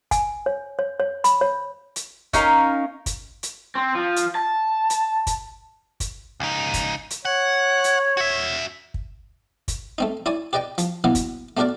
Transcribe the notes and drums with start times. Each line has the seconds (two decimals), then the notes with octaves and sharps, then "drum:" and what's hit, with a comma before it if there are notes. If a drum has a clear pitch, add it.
0.11 G#5, drum: kick, hi-hat
0.46 C#5
0.79 C#5
1.00 C#5
1.24 B5, drum: hi-hat
1.41 C#5
1.96 drum: hi-hat
2.33 C#4 D#4 A#4 F5, drum: kick, hi-hat
3.06 drum: kick, hi-hat
3.43 drum: hi-hat
3.75 C4
3.95 F3
4.16 drum: hi-hat
4.35 A5
4.90 drum: hi-hat
5.27 drum: kick, hi-hat
6.00 drum: kick, hi-hat
6.40 C#2 D#4
6.74 drum: kick, hi-hat
7.10 drum: hi-hat
7.25 C#5 F#5
7.84 drum: hi-hat
8.17 F#4 E5
8.94 drum: kick
9.68 drum: kick, hi-hat
9.98 A3 C4 D#4
10.26 E4 C#5 D5 G#5
10.53 G4 B4 D5 D#5 G5
10.78 F3, drum: hi-hat
11.04 B2 E3 F#3 A#3 B3
11.15 drum: kick, hi-hat
11.57 A3 B3 D4 F#4 A#4 D5